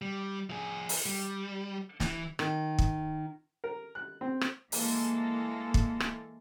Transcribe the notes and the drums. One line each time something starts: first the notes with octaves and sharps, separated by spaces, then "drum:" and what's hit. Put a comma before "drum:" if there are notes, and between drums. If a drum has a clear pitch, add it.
G3
F3 G#4
drum: open hi-hat
G3
E3, drum: snare
D#3, drum: rim click
drum: kick
A#4
F#6
C4
drum: rim click
E3 G#3 A#3 A4, drum: open hi-hat
drum: kick
drum: rim click